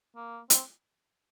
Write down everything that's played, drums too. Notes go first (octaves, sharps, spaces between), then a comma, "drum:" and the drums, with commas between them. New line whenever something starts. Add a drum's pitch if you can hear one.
A#3
C4, drum: hi-hat